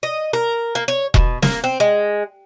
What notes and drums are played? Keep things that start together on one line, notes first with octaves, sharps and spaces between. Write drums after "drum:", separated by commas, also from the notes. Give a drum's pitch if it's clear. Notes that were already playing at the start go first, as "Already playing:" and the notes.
D#5
A#4
A#3
C#5
B2, drum: kick E1
A#3, drum: snare
C4
G#3